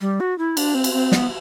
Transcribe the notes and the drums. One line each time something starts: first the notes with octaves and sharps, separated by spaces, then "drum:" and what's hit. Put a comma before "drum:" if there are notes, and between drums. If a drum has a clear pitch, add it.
G3
F#4
E4
D4, drum: cymbal
C4
drum: cymbal
C4
B3, drum: snare